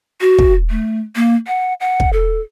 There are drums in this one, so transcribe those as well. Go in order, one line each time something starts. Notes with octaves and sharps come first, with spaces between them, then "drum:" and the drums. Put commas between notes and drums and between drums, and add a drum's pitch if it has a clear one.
F#4
drum: kick
A3
A#3
F#5
F#5
drum: kick
A4